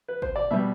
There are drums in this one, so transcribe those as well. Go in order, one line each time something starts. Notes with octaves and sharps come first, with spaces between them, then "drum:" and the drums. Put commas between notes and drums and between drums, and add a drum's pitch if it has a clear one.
B4
C5, drum: kick
D5, drum: tom A2
B2 G3 E5